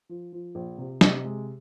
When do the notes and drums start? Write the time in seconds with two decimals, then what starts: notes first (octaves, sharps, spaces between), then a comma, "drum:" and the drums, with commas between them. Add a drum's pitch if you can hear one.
0.09 F3
0.32 F3
0.55 A#1
0.78 C3
1.01 C3, drum: snare
1.24 G#3